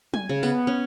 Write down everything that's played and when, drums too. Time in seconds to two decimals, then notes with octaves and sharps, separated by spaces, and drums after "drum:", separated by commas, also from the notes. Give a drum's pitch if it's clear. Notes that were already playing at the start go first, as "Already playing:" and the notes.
0.14 G#5, drum: tom F#3
0.29 C#3
0.43 B3, drum: tambourine
0.67 C#4